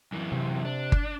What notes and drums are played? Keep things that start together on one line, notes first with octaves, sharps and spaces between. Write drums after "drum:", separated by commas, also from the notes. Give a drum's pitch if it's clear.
F#2 E3
C3
D4
drum: kick G1